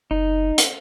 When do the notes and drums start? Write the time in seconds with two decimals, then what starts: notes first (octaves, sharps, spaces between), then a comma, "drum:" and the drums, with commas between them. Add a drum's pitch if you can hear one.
0.11 F#1 D#4
0.58 drum: hi-hat